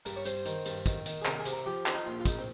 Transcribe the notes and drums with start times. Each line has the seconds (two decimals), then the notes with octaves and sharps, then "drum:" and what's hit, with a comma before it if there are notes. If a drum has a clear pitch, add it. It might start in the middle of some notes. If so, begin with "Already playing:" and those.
0.05 G2 A#4, drum: hi-hat
0.16 C#5
0.25 G2 C5, drum: hi-hat
0.45 D#3, drum: hi-hat
0.65 G2, drum: hi-hat
0.86 D#3, drum: kick, hi-hat
1.06 D#3, drum: hi-hat
1.21 G#4
1.25 C3 A#4, drum: clap
1.39 G#4
1.45 C3, drum: hi-hat
1.52 A#4
1.66 F3 G4
1.86 F3, drum: clap
1.94 D#4
2.06 A#1 F4
2.20 F4
2.25 A#1 D#4, drum: kick, hi-hat
2.38 C4